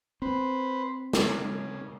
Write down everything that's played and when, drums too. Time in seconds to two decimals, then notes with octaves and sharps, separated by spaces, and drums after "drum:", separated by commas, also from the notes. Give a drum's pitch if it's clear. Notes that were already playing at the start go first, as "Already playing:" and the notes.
0.22 C4 B4 C5
1.13 C#3, drum: snare